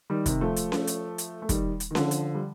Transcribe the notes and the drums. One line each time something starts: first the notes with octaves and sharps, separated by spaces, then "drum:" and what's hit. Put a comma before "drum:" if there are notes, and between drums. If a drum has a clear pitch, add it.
D#3 G3
C3 D#3, drum: kick, hi-hat
F3 A3
drum: hi-hat
drum: snare C#4
drum: hi-hat
drum: hi-hat
A3
D#3 G3, drum: kick, hi-hat
drum: hi-hat
D#3
D3 F3, drum: snare C#4
drum: hi-hat
G3